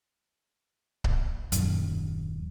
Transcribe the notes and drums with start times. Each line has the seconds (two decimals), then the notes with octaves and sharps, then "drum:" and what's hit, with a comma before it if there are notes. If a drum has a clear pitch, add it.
1.04 drum: kick C#1
1.52 D#1 F#2, drum: hi-hat